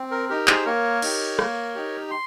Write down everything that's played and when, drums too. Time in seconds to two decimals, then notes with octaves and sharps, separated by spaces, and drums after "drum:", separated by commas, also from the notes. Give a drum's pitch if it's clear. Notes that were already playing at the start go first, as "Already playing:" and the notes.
Already playing: C4
0.11 A#4
0.29 D#4 G4 A#4
0.47 G#4 C5, drum: clap
0.66 A#3 A#4 C#5
1.02 D#4 G4, drum: cymbal
1.39 A#3, drum: rim click
1.75 D#4 G4
2.11 C6